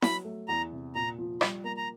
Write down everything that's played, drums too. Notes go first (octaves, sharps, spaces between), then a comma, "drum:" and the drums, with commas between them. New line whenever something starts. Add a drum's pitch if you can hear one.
F#3 B5, drum: snare E4
A3
E2 A#5
C3
A#2 A#5
F3
G3 B5, drum: rim click
A#3 A#5
A#5